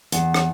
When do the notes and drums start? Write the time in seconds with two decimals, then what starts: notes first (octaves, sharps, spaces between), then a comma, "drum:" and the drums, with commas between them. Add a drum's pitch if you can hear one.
0.12 E2, drum: hi-hat
0.34 drum: rim click